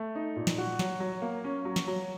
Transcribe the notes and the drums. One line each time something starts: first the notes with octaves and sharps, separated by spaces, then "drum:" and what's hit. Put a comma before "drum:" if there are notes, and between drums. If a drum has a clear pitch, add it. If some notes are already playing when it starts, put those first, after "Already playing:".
Already playing: A3
D#4
A#2
drum: snare
F#4
F#3, drum: snare
F#3
A#3
C#4
F#3
drum: snare
F#3